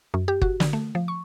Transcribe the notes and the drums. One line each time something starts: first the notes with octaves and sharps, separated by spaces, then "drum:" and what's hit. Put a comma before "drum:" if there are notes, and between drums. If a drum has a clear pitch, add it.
F#2
G4
F#4, drum: kick
D3, drum: snare
A3
F3
C#6